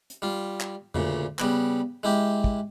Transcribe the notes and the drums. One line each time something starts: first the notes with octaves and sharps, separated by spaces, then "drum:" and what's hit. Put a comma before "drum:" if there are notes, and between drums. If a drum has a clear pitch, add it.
drum: hi-hat
G3 F4
drum: clap
D2 A#2 C#3, drum: tom F2
C#3 G3 B3, drum: clap
G#3 E4 G4
drum: kick